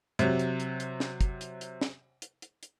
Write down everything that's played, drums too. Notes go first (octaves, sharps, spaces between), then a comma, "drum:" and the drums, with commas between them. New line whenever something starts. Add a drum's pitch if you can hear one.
C3 F#3, drum: hi-hat
drum: hi-hat
drum: hi-hat
drum: hi-hat
drum: snare
drum: kick, hi-hat
drum: hi-hat
drum: hi-hat
drum: snare
drum: hi-hat
drum: hi-hat
drum: hi-hat